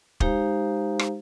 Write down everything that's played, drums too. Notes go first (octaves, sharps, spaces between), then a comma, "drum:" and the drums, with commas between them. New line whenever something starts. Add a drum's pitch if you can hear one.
G#3 D#4 G4 C5 F5 A#5, drum: kick
drum: rim click